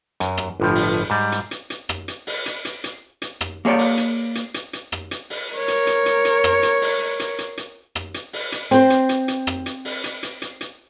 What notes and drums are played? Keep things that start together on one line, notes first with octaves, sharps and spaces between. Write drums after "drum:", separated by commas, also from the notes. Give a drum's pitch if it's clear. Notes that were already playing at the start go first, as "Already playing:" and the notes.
F#2, drum: hi-hat
drum: rim click
G1 A2 F3
drum: open hi-hat
G#2 G3
drum: hi-hat
drum: hi-hat
drum: hi-hat
drum: rim click
drum: hi-hat
drum: open hi-hat
drum: hi-hat
drum: hi-hat
drum: hi-hat
drum: hi-hat
drum: rim click
A#3 G#4 C#5 D5
drum: open hi-hat
drum: hi-hat
drum: hi-hat
drum: hi-hat
drum: hi-hat
drum: rim click
drum: hi-hat
drum: open hi-hat
A#4 C#5
drum: hi-hat
drum: hi-hat
drum: hi-hat
drum: hi-hat
drum: rim click
drum: hi-hat
drum: open hi-hat
drum: hi-hat
drum: hi-hat
drum: hi-hat
drum: rim click
drum: hi-hat
drum: open hi-hat
drum: hi-hat
C4 C5, drum: hi-hat
drum: hi-hat
drum: hi-hat
drum: hi-hat
drum: rim click
drum: hi-hat
drum: open hi-hat
drum: hi-hat
drum: hi-hat
drum: hi-hat
drum: hi-hat